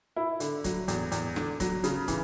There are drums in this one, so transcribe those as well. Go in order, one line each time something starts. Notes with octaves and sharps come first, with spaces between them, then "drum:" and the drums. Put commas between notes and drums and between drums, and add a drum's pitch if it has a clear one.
E4
D3, drum: hi-hat
F#3, drum: kick, hi-hat
E2, drum: hi-hat
E2, drum: hi-hat
D3, drum: snare
F#3, drum: kick, hi-hat
C#3, drum: hi-hat
E3, drum: kick, hi-hat